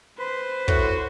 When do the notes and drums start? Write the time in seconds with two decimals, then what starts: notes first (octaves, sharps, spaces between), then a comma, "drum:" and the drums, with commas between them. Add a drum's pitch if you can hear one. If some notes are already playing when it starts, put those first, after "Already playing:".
0.19 B4 C5
0.68 A2 F#4, drum: kick